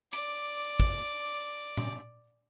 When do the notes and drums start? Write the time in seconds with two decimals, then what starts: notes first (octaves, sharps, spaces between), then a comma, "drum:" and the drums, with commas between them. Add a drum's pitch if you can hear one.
0.13 D5 D6, drum: hi-hat
0.80 drum: kick
1.77 drum: tom A#2